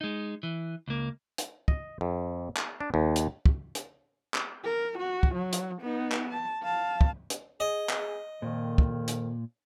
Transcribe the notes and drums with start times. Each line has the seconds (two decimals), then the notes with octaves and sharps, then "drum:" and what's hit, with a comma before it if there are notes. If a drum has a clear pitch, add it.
0.01 G#3 D#4
0.43 E3
0.88 C#2 A#3
1.38 drum: hi-hat
1.68 D#5, drum: kick
2.01 F2
2.57 drum: clap
2.80 D4
2.94 D#2
3.16 drum: hi-hat
3.46 drum: kick
3.75 drum: hi-hat
4.34 drum: clap
4.64 A#4
4.99 F#4
5.23 drum: kick
5.35 F#3
5.53 drum: hi-hat
5.81 B3 D#4
6.12 drum: clap
6.29 A5
6.63 F5 A5
7.01 drum: kick
7.30 drum: hi-hat
7.60 G#4 D#5
7.89 drum: clap
8.42 F2 A#2 D#3
8.78 drum: kick
9.08 drum: hi-hat